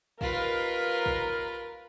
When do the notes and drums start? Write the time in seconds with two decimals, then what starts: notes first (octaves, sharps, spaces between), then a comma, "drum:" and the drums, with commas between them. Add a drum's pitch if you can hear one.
0.21 D#2 F4 A#4 B4 F5, drum: kick
1.06 drum: kick